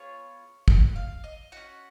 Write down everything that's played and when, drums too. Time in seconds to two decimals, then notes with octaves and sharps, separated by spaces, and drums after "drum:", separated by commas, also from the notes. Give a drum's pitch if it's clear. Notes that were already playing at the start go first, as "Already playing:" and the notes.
Already playing: B3 F4 G#4 C#5
0.68 F#5, drum: kick
0.96 F5
1.24 D#5
1.52 C#4 F#4 F#5